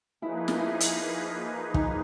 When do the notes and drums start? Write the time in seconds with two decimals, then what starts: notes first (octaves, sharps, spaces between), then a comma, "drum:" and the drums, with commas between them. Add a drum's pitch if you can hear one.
0.22 F3 A#3 D#4 E4 G#4 B4
0.48 drum: snare
0.60 E4
0.80 drum: hi-hat
1.74 D#4, drum: kick